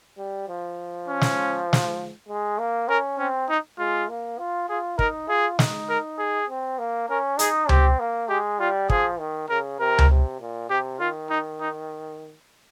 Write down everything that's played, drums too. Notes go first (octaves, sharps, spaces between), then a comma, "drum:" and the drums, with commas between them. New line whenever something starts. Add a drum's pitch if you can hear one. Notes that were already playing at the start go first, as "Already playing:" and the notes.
G3
F3
C#4
drum: snare
drum: snare
G#3
A#3
C#4 A#4
C4 C#4
D#4
G#3 F4
A#3
F4
F4 G#4
D#4 A#4, drum: kick
F4 G#4
D#4, drum: snare
A#4
G#4
C4
A#3
C#4 A#4
D#4 G#4, drum: hi-hat
C4 G4, drum: tom C#2
A#3
G#3 G4
G3 F4
F3 G#4, drum: kick
D#3
C#3 A#4
C3 A#4
drum: tom C#2
C3
A#2
C3 G4
D#3 F4
D#4
D#4